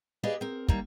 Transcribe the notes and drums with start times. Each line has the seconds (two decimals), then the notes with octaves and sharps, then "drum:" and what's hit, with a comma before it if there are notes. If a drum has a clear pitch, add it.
0.23 G4 G#4 B4 D5 D#5 F5
0.41 C4 A#4
0.69 D#3 G3 A#3, drum: kick